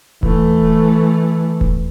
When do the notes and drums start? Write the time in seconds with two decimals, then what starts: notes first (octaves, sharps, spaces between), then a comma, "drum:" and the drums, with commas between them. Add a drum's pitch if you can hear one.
0.23 E3 A3, drum: kick D#1
1.61 drum: kick D#1